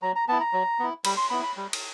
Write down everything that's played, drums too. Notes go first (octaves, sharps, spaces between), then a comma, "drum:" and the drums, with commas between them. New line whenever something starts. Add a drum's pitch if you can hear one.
F#3 A#5
A#5
B3 E4 A5
A#5
F#3
B3 E4
G3 B5, drum: cymbal
C6
B3 E4 B5
B5
G3
drum: cymbal